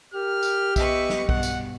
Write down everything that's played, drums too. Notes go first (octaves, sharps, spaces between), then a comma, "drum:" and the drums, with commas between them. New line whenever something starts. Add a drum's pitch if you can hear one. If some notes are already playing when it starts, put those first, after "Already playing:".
G4 A#4 F6
drum: tambourine
B3 B4 D#5 E5 C#6, drum: kick B1, tambourine
drum: snare
G2 B2 F#5, drum: kick B1
drum: tambourine